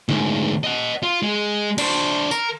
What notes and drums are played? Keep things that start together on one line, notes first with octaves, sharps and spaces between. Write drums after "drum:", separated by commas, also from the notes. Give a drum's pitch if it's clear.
D2 G#2, drum: snare
D#5 F#5
F4
G#3
D4 C5, drum: cymbal
A#4, drum: tambourine